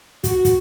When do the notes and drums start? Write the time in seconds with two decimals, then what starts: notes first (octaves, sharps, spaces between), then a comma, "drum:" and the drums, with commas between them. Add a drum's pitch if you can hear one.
0.24 F#4, drum: kick, hi-hat
0.45 drum: kick, hi-hat